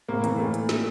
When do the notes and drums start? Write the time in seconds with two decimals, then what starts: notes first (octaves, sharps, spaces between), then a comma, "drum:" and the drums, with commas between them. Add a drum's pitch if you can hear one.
0.08 A2 A#3
0.24 E3 A#3, drum: hi-hat
0.39 A#2 A3
0.54 drum: hi-hat
0.69 drum: snare